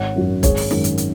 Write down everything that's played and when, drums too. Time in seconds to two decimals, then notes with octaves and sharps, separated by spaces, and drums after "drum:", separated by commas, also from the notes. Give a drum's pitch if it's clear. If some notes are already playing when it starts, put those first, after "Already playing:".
Already playing: G#1 C#5 F#5
0.16 F#2 F#3
0.43 G#1 G#4 C#5, drum: kick, hi-hat
0.57 drum: open hi-hat
0.71 F#2 D#3 G#3, drum: snare
0.84 drum: hi-hat
0.98 drum: hi-hat